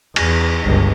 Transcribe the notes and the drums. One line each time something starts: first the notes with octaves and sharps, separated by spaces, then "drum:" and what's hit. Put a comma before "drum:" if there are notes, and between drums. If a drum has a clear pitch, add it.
E2, drum: cymbal
G1 C#2